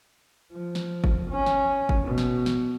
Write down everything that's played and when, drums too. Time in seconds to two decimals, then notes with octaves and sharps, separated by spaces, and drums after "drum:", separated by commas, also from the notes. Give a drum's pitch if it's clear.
0.52 F3
0.75 drum: snare
1.04 drum: kick G1
1.30 C#4
1.46 drum: snare
1.89 drum: kick G1
2.03 B2
2.18 drum: snare
2.46 drum: snare